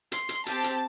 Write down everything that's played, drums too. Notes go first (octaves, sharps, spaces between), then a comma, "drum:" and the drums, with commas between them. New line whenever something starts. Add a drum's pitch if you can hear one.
C6, drum: hi-hat
drum: hi-hat
C4 G4 A5, drum: hi-hat
drum: hi-hat